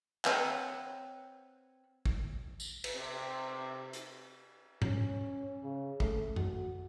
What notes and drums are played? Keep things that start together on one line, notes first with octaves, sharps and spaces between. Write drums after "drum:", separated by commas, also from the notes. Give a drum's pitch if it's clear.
C4 B4 C#5 F#5, drum: clap
drum: kick
drum: tambourine
drum: cymbal
C3
drum: hi-hat
C#4, drum: tom G#2
C#3
A3, drum: kick
F#4, drum: tom F#2